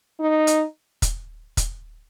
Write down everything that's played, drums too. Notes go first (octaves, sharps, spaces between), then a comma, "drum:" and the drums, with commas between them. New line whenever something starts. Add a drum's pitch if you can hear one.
D#4
drum: hi-hat
drum: kick, hi-hat
drum: kick, hi-hat